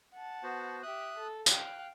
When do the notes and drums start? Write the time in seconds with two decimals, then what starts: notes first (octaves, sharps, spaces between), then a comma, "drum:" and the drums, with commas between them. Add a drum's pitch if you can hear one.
0.14 F#5 A5
0.43 B3 F#4 C5
0.83 G4 E5 D#6 F#6
1.17 A4
1.46 F5 G5 F#6, drum: tambourine